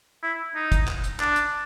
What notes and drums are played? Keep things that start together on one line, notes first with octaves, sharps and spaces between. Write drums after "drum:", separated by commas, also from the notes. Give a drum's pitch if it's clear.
E4
D#4
drum: kick, hi-hat
drum: clap
drum: hi-hat
D4, drum: clap
drum: hi-hat